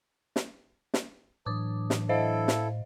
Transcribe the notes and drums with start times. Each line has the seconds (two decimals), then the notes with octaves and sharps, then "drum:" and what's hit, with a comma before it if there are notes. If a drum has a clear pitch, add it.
0.36 drum: snare
0.94 drum: snare
1.46 A2 E3 F#3 D4 D6 D#6
1.90 drum: snare
2.09 E4 A4 C5 D#5 F5
2.48 drum: snare